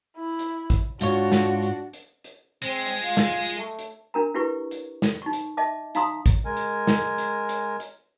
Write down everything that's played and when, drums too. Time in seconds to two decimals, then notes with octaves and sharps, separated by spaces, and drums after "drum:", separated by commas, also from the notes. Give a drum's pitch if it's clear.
0.17 E4
0.39 drum: hi-hat
0.70 drum: kick, hi-hat
1.01 G#2 D4 F4 F#4 C#5, drum: hi-hat
1.32 drum: snare
1.63 drum: hi-hat
1.93 drum: hi-hat
2.24 drum: hi-hat
2.62 G#3 C4
2.86 drum: hi-hat
3.03 F4
3.17 drum: snare
3.56 A3
3.79 drum: hi-hat
4.14 D4 A#4 A#5
4.34 D4 E4 G4 B4 C#6
4.71 drum: hi-hat
5.02 drum: snare
5.22 D#4 C#6
5.33 drum: hi-hat
5.57 D#5 E5 A5 D6
5.95 D#4 F5 A#5 C6 D#6, drum: hi-hat
6.26 drum: kick, hi-hat
6.45 G#3 A#4 G#5
6.57 drum: hi-hat
6.87 drum: snare
7.18 drum: hi-hat
7.49 drum: hi-hat
7.80 drum: hi-hat